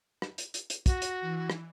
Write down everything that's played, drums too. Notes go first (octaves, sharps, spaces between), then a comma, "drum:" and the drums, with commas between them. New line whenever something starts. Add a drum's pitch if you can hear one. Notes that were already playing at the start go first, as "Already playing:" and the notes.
drum: rim click
drum: hi-hat
drum: hi-hat
drum: hi-hat
F#4 A#6, drum: kick, hi-hat
drum: hi-hat
E3
drum: rim click